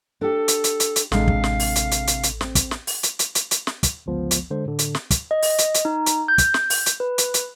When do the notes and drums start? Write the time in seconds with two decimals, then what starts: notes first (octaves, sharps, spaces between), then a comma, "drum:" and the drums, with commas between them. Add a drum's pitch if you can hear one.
0.21 D4 G4 A4
0.48 drum: hi-hat
0.64 drum: hi-hat
0.80 drum: hi-hat
0.96 drum: hi-hat
1.12 A1 C3 G#3 D4 F5, drum: snare
1.28 drum: kick
1.44 drum: snare
1.60 drum: open hi-hat
1.75 drum: hi-hat
1.91 drum: hi-hat
2.07 drum: hi-hat
2.23 drum: hi-hat
2.41 C4, drum: snare
2.55 drum: kick, hi-hat
2.71 drum: snare
2.87 drum: open hi-hat
3.03 drum: hi-hat
3.19 drum: hi-hat
3.35 drum: hi-hat
3.51 drum: hi-hat
3.67 drum: snare
3.83 drum: kick, hi-hat
4.06 G1 C#2 F3 B3
4.31 drum: hi-hat
4.51 D3 G#3 C5
4.65 A2 D3
4.79 drum: hi-hat
4.95 drum: snare
5.11 drum: kick, hi-hat
5.31 D#5
5.42 drum: open hi-hat
5.58 drum: hi-hat
5.74 drum: hi-hat
5.85 D#4
6.06 drum: hi-hat
6.28 G6
6.38 drum: kick, hi-hat
6.54 drum: snare
6.70 drum: open hi-hat
6.86 drum: hi-hat
7.00 B4
7.18 drum: hi-hat
7.34 drum: hi-hat